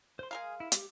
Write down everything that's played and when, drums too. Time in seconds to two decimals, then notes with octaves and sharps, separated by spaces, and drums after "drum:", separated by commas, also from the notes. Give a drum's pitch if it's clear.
0.19 C5 C6
0.31 G#3 G#4 A#4 F5
0.60 E4
0.72 G4, drum: hi-hat